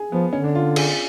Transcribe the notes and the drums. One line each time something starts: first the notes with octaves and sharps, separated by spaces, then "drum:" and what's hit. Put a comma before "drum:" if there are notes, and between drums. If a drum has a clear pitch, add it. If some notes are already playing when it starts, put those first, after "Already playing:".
Already playing: G#4
F3 B3
D3 C#4
D4
F4
G#4, drum: cymbal